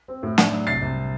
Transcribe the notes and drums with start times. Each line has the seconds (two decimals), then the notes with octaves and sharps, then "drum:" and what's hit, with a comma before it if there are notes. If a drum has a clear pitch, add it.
0.08 C4
0.23 A2
0.38 D4, drum: snare
0.52 F#3
0.67 C2 A6 C7
0.82 C2